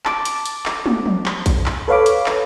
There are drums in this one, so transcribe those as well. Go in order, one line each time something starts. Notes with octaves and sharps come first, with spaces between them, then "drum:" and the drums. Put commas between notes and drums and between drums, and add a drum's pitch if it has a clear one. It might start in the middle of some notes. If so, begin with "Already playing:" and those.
A5 D6, drum: clap
drum: hi-hat
drum: hi-hat
drum: clap
drum: tom
drum: tom
drum: clap
drum: kick A#1, hi-hat
drum: clap
A4 B4 C#5 F5 B5 D6
drum: hi-hat
drum: clap